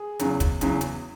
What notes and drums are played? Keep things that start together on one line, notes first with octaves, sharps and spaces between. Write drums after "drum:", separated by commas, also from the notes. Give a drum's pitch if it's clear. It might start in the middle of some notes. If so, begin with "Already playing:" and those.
Already playing: G#4
E2 C#3 F#3, drum: hi-hat
drum: kick, hi-hat
E2 C#3 F#3, drum: hi-hat
drum: hi-hat